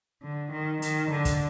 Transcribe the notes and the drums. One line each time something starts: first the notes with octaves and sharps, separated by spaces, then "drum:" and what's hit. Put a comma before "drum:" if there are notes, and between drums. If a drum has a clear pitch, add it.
D3
D#3
D#3, drum: hi-hat
D3
drum: kick, hi-hat